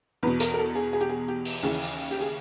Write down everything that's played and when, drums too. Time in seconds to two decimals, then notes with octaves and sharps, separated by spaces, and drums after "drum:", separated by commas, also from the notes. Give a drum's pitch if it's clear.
0.23 E2 B2 B4
0.40 A#4, drum: hi-hat
0.54 A#4
0.58 A4
0.75 G#4
0.93 G#4
1.01 G4
1.09 G#4
1.28 G4
1.45 drum: open hi-hat
1.63 D#2 C#3 E3 G#4
1.82 drum: open hi-hat
2.11 G4
2.21 G#4